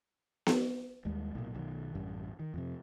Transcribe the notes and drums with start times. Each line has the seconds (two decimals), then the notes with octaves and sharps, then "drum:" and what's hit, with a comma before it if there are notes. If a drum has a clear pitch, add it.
0.47 drum: snare B3
1.05 D#2 G3 G#3
1.35 B1 A#2
1.54 B1 D#3 F#3
1.95 A1 F#2 G3
2.39 D#3
2.54 F2 C3